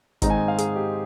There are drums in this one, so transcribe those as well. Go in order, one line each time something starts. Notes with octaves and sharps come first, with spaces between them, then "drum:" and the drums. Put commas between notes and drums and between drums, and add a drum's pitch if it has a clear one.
G#2 D#3 G#3 C4 D#4 A#5, drum: kick, hi-hat
G#5
F5
G#4, drum: hi-hat
G4